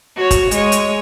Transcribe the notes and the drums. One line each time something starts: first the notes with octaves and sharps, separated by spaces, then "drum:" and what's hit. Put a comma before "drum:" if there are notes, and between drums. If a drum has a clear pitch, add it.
F#4 C#5
drum: kick, hi-hat
G#3 C#5, drum: hi-hat
drum: hi-hat